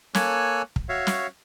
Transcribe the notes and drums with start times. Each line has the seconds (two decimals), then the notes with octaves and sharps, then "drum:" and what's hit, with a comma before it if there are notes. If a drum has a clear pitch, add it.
0.15 A#3 A4 C#5 G#5 E6 F#6, drum: snare
0.76 drum: kick
0.89 F#4 C#5 E5 F5
1.07 drum: snare